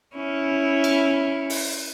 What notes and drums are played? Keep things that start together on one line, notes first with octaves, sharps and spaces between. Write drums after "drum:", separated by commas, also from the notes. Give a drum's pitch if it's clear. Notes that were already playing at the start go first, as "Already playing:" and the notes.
C#4 E4
drum: cymbal
drum: open hi-hat